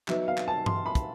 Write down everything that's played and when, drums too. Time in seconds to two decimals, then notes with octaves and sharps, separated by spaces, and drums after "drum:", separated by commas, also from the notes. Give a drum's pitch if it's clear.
0.08 F#3 B3 D#4 E5, drum: clap
0.28 F5
0.38 drum: clap
0.48 A5
0.66 C6, drum: tom G2
0.86 B5
0.95 drum: kick, hi-hat